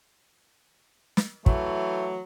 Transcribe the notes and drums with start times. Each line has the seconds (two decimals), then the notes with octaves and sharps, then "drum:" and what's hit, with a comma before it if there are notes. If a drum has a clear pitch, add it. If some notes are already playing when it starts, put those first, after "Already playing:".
1.17 drum: snare
1.46 E3 F#3 A3, drum: kick